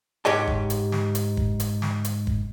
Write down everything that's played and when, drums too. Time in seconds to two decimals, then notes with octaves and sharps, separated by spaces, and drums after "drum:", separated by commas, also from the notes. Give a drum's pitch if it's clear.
0.25 G#2 G4 C#5 D#5 A5
0.47 drum: kick
0.70 drum: hi-hat
0.92 drum: snare
1.15 drum: hi-hat
1.37 drum: kick
1.60 drum: hi-hat
1.82 drum: snare
2.04 drum: hi-hat
2.27 drum: kick